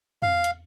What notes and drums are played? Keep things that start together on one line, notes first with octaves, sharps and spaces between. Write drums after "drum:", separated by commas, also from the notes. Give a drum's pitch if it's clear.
F5, drum: tom
drum: hi-hat